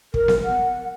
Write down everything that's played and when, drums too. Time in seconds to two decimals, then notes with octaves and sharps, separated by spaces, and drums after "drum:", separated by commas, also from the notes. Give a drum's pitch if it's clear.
0.14 A#4, drum: kick
0.28 drum: snare B3
0.45 F#5